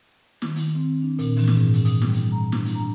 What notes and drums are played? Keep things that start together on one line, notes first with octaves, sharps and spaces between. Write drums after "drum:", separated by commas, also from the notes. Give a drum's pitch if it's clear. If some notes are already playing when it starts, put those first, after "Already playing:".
D#3, drum: snare
drum: hi-hat
C4
D4
A#2, drum: hi-hat
E3, drum: open hi-hat
drum: snare
G#2
drum: hi-hat
D#6, drum: hi-hat
G3, drum: snare
drum: hi-hat
A#5
D4, drum: snare
drum: hi-hat
A#5